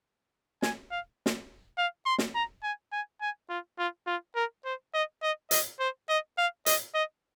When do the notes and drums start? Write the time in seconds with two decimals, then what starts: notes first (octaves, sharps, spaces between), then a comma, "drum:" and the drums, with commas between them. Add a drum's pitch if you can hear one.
0.62 G#5, drum: snare
0.91 F5
1.26 drum: snare
1.78 F5
2.06 C6
2.18 drum: snare
2.35 A#5
2.63 G#5
2.92 G#5
3.21 G#5
3.50 F4
3.79 F4
4.07 F4
4.36 A#4
4.65 C5
4.94 D#5
5.23 D#5
5.51 D#5, drum: hi-hat
5.80 C5
6.09 D#5
6.38 F5
6.66 D#5, drum: hi-hat
6.94 D#5